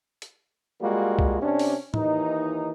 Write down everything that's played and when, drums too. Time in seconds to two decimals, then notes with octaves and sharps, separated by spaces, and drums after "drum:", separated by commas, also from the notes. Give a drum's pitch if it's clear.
0.22 drum: hi-hat
0.81 G3 G#3 A#3 F4 F#4
1.19 drum: kick C2
1.41 C3 C#4 D4
1.59 drum: open hi-hat
1.94 D#2 E3 D#4, drum: tom